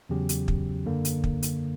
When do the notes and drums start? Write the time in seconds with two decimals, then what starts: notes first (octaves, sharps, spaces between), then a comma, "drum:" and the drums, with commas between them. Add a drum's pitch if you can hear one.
0.09 E2 C#3 F#3 C#4 G4
0.29 drum: hi-hat
0.48 drum: kick
0.85 F#2 D3 A#3
1.05 drum: hi-hat
1.24 drum: kick
1.43 drum: hi-hat